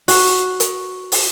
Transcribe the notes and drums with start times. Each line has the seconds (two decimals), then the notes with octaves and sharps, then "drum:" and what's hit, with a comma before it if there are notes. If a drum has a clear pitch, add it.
0.08 F#4, drum: open hi-hat
0.60 drum: hi-hat
1.12 drum: open hi-hat